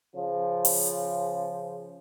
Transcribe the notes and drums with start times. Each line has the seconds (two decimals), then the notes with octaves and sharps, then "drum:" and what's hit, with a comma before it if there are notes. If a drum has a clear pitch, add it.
0.15 C#3 F3
0.65 drum: open hi-hat